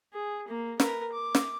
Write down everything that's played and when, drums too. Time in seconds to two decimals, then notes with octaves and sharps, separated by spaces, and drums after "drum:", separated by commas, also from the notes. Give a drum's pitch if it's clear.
0.13 G#4
0.48 A#3
0.80 A#4 B4, drum: snare
1.12 D6
1.35 drum: snare